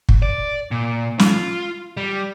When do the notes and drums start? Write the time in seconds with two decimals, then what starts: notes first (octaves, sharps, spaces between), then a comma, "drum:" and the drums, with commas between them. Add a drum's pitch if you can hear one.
0.09 drum: kick
0.22 D5
0.71 A#2
1.19 F4, drum: snare
1.97 G3